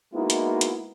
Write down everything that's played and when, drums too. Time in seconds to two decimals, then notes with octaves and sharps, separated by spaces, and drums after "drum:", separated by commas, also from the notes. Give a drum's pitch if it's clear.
0.14 G#3 A#3 B3 D#4 E4 F#4
0.30 drum: hi-hat
0.61 drum: hi-hat